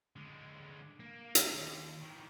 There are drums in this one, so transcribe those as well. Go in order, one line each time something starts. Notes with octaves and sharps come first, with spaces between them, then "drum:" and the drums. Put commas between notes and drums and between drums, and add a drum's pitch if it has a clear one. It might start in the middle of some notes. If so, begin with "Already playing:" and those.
D3 G#3
A#3
drum: hi-hat
D#2
D#3 E3